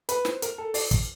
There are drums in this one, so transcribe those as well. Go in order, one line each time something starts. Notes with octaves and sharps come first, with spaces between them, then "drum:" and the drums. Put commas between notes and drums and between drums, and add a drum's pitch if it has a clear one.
B4, drum: hi-hat
C5, drum: snare
A#4, drum: hi-hat
A4
D5, drum: open hi-hat
drum: kick, hi-hat